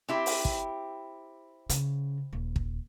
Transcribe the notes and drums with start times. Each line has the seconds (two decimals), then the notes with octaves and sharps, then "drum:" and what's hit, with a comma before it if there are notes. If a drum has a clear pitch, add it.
0.08 C4 E4 G4
0.26 drum: open hi-hat
0.45 drum: kick
1.69 C#3, drum: hi-hat
2.33 D#1
2.56 drum: kick